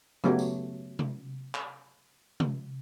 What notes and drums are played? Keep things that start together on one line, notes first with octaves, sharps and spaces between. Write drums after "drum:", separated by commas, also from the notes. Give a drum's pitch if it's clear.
C#3 F#3 A3 B3 G4 C#5, drum: rim click
drum: tambourine
drum: tom C3
drum: clap
drum: tom C3